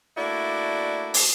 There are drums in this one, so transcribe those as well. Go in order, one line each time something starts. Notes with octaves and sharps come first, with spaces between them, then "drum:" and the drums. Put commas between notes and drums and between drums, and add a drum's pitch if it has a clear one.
A3 A#3 D4 E4 F#4 D5
drum: open hi-hat